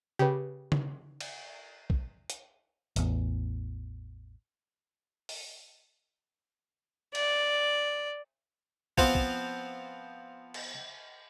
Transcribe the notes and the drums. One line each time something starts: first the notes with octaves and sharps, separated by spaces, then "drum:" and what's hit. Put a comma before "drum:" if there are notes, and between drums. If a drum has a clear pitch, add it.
C#3 G4 B4
drum: tom C#3
drum: cymbal
drum: kick
drum: hi-hat
A1 E2, drum: hi-hat
drum: open hi-hat
D5, drum: cymbal
F3 B3 C4 F4, drum: kick
drum: kick
drum: cymbal